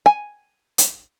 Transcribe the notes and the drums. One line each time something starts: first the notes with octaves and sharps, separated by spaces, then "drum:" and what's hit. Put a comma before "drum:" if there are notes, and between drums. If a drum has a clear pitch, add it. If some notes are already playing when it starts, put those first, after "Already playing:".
G#5
drum: hi-hat